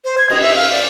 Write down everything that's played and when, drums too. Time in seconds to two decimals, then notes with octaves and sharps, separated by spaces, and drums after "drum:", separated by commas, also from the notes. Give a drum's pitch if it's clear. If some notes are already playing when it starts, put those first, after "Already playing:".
0.04 C5
0.18 G#6
0.30 D#5, drum: cymbal
0.42 E5
0.56 F5
0.72 D5